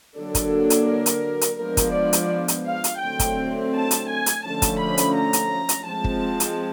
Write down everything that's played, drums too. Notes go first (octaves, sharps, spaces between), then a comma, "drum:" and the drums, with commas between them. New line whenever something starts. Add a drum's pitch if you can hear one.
D3 F#3 A#3 D4 A4
drum: kick, hi-hat
drum: hi-hat
A#4
drum: hi-hat
drum: hi-hat
F3 G#3 B3 D4 A#4
drum: kick, hi-hat
D5
drum: hi-hat
drum: hi-hat
F5
drum: hi-hat
D3 F#3 A3 C4 G5
drum: kick, hi-hat
A5
drum: hi-hat
G#5
drum: hi-hat
D3 F3 A3 C#4 A5
drum: kick, hi-hat
B5
drum: hi-hat
A#5
drum: hi-hat
drum: hi-hat
F3 G#3 C4 A5
drum: kick
drum: hi-hat